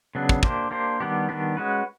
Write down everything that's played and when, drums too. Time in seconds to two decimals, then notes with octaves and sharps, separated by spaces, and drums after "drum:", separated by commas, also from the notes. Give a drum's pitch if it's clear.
0.15 C#3 F#3 B3 D4
0.29 drum: kick
0.43 A#3 D4 G4 C5, drum: kick
0.71 A#3 D4 G4 C5
1.00 D#3 G3 B3 D4 G4
1.29 D#3 G3 B3 D4 G4
1.57 G#3 C#4 F#4 B4